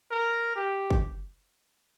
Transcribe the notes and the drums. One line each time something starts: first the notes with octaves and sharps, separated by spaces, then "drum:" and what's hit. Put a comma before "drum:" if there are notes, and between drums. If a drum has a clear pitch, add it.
A#4
G4
drum: kick